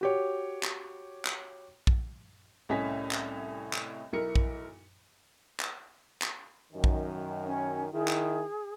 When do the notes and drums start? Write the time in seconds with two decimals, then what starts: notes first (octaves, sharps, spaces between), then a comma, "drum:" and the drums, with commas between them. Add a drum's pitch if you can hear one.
0.01 F#4 G4 C#5
0.63 drum: clap
1.25 drum: clap
1.87 drum: kick
2.69 C2 A2 C#4 D#5 G#5 B6
3.11 drum: clap
3.73 drum: clap
4.13 B1 E4 A#4 C#7
4.36 drum: kick
5.60 drum: clap
6.22 drum: clap
6.72 F#2 D#3
6.84 drum: kick
7.45 C#4
7.93 D#3 E4 G#4
8.08 drum: clap